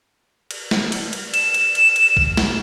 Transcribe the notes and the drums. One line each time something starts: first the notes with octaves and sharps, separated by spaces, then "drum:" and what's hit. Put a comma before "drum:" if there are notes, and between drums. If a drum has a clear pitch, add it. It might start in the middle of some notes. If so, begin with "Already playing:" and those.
drum: cymbal
drum: snare
drum: cymbal
drum: cymbal
E7, drum: cymbal
drum: cymbal
drum: cymbal
drum: cymbal
drum: kick
drum: snare